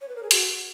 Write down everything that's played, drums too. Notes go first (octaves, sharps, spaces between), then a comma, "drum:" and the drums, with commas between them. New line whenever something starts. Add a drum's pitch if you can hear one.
C#5
B4
A#4
G#4
F#4, drum: hi-hat